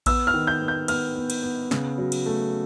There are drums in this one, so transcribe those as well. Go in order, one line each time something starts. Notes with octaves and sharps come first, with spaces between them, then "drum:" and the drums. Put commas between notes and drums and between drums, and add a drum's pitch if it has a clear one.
B3 E6, drum: kick A#1, cymbal
F6
D#3
G6
B3
G6
B3 F6, drum: cymbal
B3
drum: cymbal
B3
C#3, drum: snare
F#3
drum: cymbal
A3